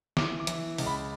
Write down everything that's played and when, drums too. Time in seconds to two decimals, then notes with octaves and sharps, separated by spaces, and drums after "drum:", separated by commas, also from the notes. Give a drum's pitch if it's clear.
0.17 E3 D6, drum: snare
0.40 D6
0.47 E3, drum: hi-hat
0.78 C#2, drum: open hi-hat
0.86 B5